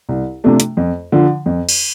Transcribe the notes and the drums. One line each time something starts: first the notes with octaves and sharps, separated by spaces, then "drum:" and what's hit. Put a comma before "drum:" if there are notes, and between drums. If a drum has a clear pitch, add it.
C2
C3 F3 A3 D4
drum: hi-hat
F2
D3 F3
F2
drum: cymbal